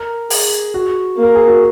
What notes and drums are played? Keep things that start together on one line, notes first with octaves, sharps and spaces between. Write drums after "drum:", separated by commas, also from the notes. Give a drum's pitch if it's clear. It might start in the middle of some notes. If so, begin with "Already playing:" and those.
Already playing: A#4
G#4, drum: open hi-hat
F#4
A#3
A#4
G#4
F#4